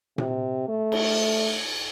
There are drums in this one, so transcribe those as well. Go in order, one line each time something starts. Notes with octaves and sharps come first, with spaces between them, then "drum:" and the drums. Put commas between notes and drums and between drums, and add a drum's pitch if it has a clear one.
C3, drum: tom A#2
A3
drum: cymbal